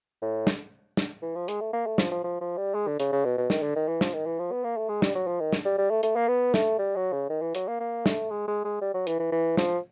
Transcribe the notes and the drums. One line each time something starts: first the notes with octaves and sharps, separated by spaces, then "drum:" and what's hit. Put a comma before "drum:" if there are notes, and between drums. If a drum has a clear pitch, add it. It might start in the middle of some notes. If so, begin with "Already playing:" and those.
A2
drum: snare
drum: snare
E3
F3
G#3, drum: hi-hat
A3
A#3
A3
F3, drum: snare
F3
F3
F3
G3
G#3
D3
C#3, drum: hi-hat
C#3
B2
B2
D#3, drum: snare
D3
D#3
E3
F3, drum: snare
D#3
E3
F3
B3
A#3
A3
G#3
G3, drum: snare
F#3
F3
D#3
drum: snare
G3
G3
A3
A3, drum: hi-hat
A#3
B3
A3, drum: snare
G3
F#3
C#3
D#3
E3
F#3, drum: hi-hat
A#3
A#3
A3, drum: snare
G#3
G#3
G#3
G3
F#3
E3, drum: hi-hat
E3
E3
F3, drum: snare